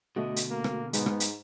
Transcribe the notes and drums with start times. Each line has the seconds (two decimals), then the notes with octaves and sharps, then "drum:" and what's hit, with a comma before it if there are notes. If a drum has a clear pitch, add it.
0.16 B2 D3 A3 F#4 D#5
0.36 drum: hi-hat
0.50 A#3
0.64 drum: rim click
0.93 G#2 G#3 B3, drum: hi-hat
1.06 drum: rim click
1.20 drum: hi-hat